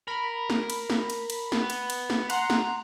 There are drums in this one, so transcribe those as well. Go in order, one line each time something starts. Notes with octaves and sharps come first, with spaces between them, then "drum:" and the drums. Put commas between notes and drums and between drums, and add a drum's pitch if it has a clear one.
A#4 B5
drum: snare
drum: cymbal
drum: snare
drum: cymbal
drum: cymbal
B3, drum: snare
drum: cymbal
drum: cymbal
drum: snare
F#5 A#5 C6, drum: cymbal
drum: snare